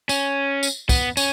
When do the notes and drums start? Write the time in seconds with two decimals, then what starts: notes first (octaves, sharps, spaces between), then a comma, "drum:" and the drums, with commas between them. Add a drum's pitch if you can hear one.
0.09 C#4, drum: tambourine
0.63 drum: tambourine
0.89 B3, drum: kick, tambourine
1.17 C#4, drum: tambourine